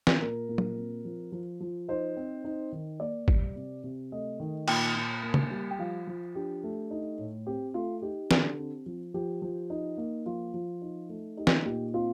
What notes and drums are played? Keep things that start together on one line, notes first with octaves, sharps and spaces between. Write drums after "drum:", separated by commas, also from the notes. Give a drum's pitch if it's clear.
drum: snare
A#2 A#4
A#2
drum: tom F#3
C4
F3
F3
F3
D#4 C5
C4
D#4
D#3
A#3 D5
G3, drum: kick
C3
C3
A3 D#5
D#3
A#2 G5, drum: cymbal
A#2
A#3
drum: tom
G3
G5
F3 F5
F3
D4 G4
A3
D#4
A2
C4 G4
A3 F4
D#4 G4
D3, drum: snare
C4
F3
F3 G4
F3
D#4
A#3
F3 F4
F3
D#4
A3
D#4 G4
drum: snare
A#2 G4
C4 F4